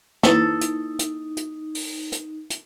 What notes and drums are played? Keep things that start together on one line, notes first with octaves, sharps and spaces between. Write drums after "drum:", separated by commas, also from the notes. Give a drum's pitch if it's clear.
A#3 D#4 E4 A4 B4, drum: snare
drum: hi-hat
drum: hi-hat
drum: hi-hat
drum: open hi-hat
drum: hi-hat
drum: hi-hat